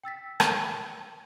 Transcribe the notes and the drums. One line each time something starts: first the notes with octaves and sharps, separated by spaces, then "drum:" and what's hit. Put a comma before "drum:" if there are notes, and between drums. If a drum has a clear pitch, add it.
G5 E6 A6 B6
drum: rim click